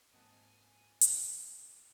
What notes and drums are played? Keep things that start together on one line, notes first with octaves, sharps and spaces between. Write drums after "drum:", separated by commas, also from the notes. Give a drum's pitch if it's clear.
G#2 F3 A#3 C4 D#5 F#5 G#5 A5
drum: hi-hat